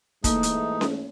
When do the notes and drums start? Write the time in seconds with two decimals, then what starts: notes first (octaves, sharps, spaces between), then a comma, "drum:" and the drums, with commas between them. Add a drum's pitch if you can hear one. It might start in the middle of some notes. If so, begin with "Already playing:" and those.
0.24 G#2 E3 A3 A#3 D#4, drum: kick, hi-hat
0.43 drum: hi-hat
0.81 drum: snare C#4